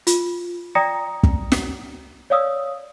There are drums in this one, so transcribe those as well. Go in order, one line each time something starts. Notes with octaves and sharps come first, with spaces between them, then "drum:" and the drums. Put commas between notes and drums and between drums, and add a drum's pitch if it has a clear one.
F4, drum: hi-hat
D5 G5 A#5 D#6 A#6 C#7
drum: kick
drum: snare
C#5 D5 F5 D#6 E6